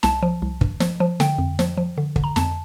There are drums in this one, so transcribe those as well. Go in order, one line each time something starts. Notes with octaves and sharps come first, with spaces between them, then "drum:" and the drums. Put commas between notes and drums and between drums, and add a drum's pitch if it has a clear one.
C2 A5, drum: snare
F3
C2
G2, drum: kick
F3, drum: snare
F3
D3 G5, drum: snare
F2
F3, drum: snare
F3
D3
D3, drum: kick
A#5
F2 A5, drum: snare